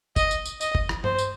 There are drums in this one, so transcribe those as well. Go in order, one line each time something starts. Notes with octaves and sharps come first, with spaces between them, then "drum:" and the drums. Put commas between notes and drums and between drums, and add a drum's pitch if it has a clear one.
D#5, drum: kick, tambourine
drum: tambourine
drum: tambourine
D#5, drum: tambourine
drum: kick
drum: rim click
C5, drum: tom G2
drum: tambourine